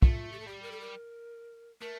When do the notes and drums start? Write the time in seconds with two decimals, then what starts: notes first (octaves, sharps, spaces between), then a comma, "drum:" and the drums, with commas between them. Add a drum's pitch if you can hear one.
0.02 A3 F4, drum: kick
0.32 G4
0.40 A4
0.47 G3 G4
0.62 A#4
0.71 A4
0.80 A#4
1.81 A3 A#4